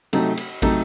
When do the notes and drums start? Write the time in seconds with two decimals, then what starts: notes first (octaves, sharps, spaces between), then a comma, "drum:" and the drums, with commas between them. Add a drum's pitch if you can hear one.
0.13 C3 F#3 A3 D#4 A4, drum: cymbal
0.37 drum: cymbal
0.62 C3 F#3 A3 D#4 A4, drum: kick, cymbal